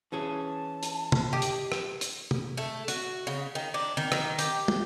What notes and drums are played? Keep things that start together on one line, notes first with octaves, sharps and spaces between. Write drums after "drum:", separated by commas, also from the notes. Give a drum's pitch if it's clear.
E3 C#4 G#4 A5
drum: hi-hat
drum: tom
G4 D#5
drum: hi-hat
drum: rim click
drum: hi-hat
drum: tom
A3
F#4, drum: hi-hat
C#3
D#3
D4
D#3
D#3, drum: rim click
G4, drum: hi-hat
drum: tom